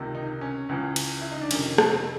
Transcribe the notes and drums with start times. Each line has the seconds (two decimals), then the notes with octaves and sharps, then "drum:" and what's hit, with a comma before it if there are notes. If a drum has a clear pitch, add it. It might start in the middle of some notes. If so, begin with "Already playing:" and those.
Already playing: C#2 C3 D#3
0.15 D#4
0.41 C#4
0.69 C#2 C#3 E3
0.96 drum: cymbal
1.21 E4
1.31 D#4
1.41 D4
1.51 F2 C3 D#3 C#4, drum: cymbal
1.78 drum: rim click
1.92 C4